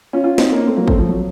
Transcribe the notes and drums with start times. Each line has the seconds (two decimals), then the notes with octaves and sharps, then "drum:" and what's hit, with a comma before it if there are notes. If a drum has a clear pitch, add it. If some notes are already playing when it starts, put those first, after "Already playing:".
0.13 C#4 F4
0.24 C#4 F4
0.38 C4 D#4, drum: snare
0.52 A#3 C#4
0.67 A3 C4
0.77 F#3 A#3
0.88 A3 C4, drum: kick
0.98 F3 A3
1.09 F#3